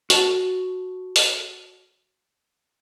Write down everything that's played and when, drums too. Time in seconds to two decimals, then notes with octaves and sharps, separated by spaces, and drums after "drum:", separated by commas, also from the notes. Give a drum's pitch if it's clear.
0.10 F#4 A5, drum: open hi-hat
1.16 drum: open hi-hat